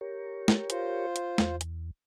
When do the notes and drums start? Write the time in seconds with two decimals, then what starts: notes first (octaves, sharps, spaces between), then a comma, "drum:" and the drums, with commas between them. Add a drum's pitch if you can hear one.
0.01 G4 A#4 C#5
0.48 drum: snare
0.70 F4 C5, drum: hi-hat
1.16 drum: hi-hat
1.38 E2, drum: snare
1.61 drum: hi-hat